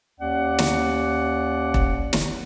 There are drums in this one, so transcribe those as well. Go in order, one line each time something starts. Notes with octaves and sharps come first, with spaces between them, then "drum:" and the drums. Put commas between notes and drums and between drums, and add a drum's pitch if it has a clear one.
D#2 C#4 D5 F#5
drum: snare
drum: kick E1
drum: snare